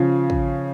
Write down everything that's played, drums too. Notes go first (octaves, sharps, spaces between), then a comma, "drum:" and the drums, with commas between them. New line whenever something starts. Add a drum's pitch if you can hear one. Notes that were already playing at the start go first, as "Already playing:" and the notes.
Already playing: C#3 F3
drum: kick